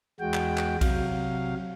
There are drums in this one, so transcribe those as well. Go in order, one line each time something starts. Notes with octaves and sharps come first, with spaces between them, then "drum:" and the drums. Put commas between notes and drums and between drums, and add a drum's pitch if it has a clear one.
E2 G#3 F#4 G5
drum: clap
drum: clap
C3 F#3 F5, drum: kick A#1, cymbal